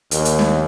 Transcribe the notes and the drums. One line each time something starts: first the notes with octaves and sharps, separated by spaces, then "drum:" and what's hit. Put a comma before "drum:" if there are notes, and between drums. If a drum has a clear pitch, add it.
D#2, drum: hi-hat
drum: hi-hat
drum: snare